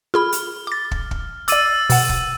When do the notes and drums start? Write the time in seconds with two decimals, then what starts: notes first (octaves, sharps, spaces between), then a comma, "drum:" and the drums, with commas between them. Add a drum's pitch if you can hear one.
0.14 F4 G#4 B5 F6
0.32 drum: hi-hat
0.67 D6 A6
0.91 drum: kick
1.11 drum: kick
1.48 D5 D6 E6 A6 D#7, drum: hi-hat
1.90 B2 F#5, drum: open hi-hat
2.09 drum: kick